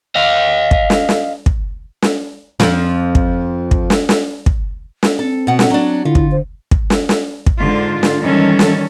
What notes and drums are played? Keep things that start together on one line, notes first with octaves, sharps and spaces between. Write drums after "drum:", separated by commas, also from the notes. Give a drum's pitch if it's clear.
D#5 F5
drum: kick
drum: snare
drum: snare
drum: kick
drum: snare
F2 F3, drum: snare
drum: kick
drum: kick
drum: snare
drum: snare
drum: kick
drum: snare
C4 A4
B2 F#5
drum: snare
F#3 D4
D3 E4 F4
drum: kick
C5
drum: kick
drum: snare
drum: snare
drum: kick
G#2 D3 F4
drum: snare
D#3 E3 G3 C#4 A4
drum: snare